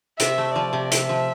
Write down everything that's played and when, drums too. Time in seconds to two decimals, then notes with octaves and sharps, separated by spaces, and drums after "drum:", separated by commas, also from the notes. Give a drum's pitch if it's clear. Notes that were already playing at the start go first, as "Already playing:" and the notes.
0.19 C3 E5, drum: hi-hat
0.38 A3
0.55 F3 D5
0.73 C3
0.91 C3 E5, drum: hi-hat
1.09 F3